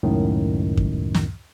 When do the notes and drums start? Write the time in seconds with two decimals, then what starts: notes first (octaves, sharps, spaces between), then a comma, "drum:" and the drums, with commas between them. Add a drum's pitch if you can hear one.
0.03 C#2 F#2 A2 D#3
0.77 drum: kick F#2
1.15 drum: snare